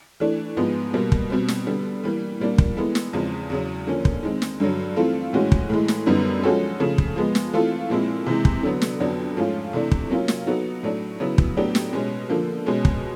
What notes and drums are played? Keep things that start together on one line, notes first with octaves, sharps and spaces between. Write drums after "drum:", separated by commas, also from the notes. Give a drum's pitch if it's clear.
E3 A3 D4
G#2 F3 G#3 B3
B2 G3 A#3
drum: kick
B2 G3 C4
drum: snare
D3 G3 B3
E3 G3 A#3
A#2 G3 A#3 D4
drum: kick
E3 G#3 B3 E4 A4
drum: snare
E2 C#3 F3 G#3 C4
E2 C#3 F#3
D3 F3 A#3 C#4
drum: kick
D#3 G#3 C4
drum: snare
G2 D3 F#3
E3 A3 C4 F4 A4
A2 E3 G#3 C#4 F#4
drum: kick
A2 E3 G#3
drum: snare
F#2 D3 G3 B3 D#4
F3 G#3 C#4 F#4 A4
C#3 F3 A3
drum: kick
F3 G#3 B3
drum: snare
E3 A3 C4 F4 A4
A#2 F3 G#3 C4 E4
C3 E3 G#3
drum: kick
D3 F#3 B3
drum: snare
F2 D3 F#3 B3 D4
G#2 F3 A3 C#4 F4
C3 E3 A3 D4
drum: kick
F#3 A#3 C#4 F4
drum: snare
F#3 B3 D#4 F#4 A4
A2 F#3 A3 D4
C#3 F#3 B3 E4
drum: kick
A2 F#3 B3 D4 G4
drum: snare
B2 G#3 C#4
D3 F3 A#3
B2 G#3 C#4
drum: kick